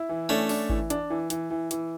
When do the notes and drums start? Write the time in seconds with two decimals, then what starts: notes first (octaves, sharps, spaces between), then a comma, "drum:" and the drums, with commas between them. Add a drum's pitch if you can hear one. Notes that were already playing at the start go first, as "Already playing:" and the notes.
Already playing: E4
0.09 E3
0.29 A3 C#4 D4
0.49 D4, drum: open hi-hat
0.69 E3, drum: kick G#1
0.90 D4, drum: hi-hat
1.10 E3
1.30 E3, drum: hi-hat
1.51 E3
1.71 E3, drum: hi-hat